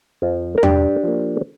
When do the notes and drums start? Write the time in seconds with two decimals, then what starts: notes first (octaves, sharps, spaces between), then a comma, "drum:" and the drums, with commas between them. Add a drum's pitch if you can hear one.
0.22 F2 F3
0.58 A#4
0.63 G2 D4 G4, drum: tom E2
1.03 F3 A#3